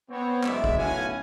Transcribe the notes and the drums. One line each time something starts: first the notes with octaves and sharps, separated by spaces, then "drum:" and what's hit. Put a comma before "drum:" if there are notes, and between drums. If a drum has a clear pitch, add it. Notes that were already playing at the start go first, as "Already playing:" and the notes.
B3 C4 C#5
F#1 B1 G#3 D5 E5, drum: clap
drum: kick
B1 A2 C#4 F#4 F5 G#5